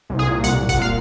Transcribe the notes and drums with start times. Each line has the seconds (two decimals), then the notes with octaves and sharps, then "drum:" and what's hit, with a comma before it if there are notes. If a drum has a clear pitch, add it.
0.10 C2
0.19 G#4
0.27 A#2
0.44 C2 F#5, drum: hi-hat
0.61 C2
0.69 F#5, drum: kick, hi-hat
0.77 A#2 F5